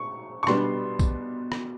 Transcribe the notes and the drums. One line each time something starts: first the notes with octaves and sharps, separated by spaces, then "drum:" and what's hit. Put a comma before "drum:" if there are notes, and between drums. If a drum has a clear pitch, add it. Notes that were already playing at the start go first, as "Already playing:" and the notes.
Already playing: C#6
C#6
B2 G3 B3 D4 C6, drum: rim click
drum: kick, tambourine
drum: rim click